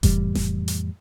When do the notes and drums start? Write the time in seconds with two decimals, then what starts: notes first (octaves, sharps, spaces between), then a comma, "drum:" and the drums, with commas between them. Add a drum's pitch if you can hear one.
0.03 F2 A2 E3 G3, drum: kick F1, hi-hat
0.35 drum: snare E1
0.68 drum: hi-hat